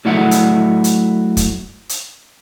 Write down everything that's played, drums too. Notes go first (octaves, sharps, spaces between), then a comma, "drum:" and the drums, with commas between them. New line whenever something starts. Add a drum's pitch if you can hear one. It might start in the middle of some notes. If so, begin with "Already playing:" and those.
F#3 A3 E4 D5 E5 F#5
drum: hi-hat
drum: hi-hat
drum: kick, hi-hat
drum: hi-hat